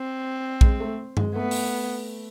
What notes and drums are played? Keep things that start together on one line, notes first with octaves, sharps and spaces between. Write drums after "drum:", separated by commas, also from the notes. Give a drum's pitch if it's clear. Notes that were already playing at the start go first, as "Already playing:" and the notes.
Already playing: C4
G#3, drum: kick A#1
A3
G#3, drum: tom G2
A3 B3
drum: open hi-hat